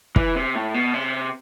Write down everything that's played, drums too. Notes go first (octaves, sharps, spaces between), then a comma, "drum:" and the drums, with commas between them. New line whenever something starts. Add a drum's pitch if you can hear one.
E3, drum: kick
C3
A2
B2
C3